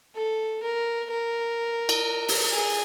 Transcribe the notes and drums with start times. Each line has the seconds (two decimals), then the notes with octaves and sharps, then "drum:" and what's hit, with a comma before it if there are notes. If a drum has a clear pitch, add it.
0.15 A4
0.63 A#4
1.10 A#4
1.89 drum: cymbal
2.28 drum: open hi-hat
2.52 G#4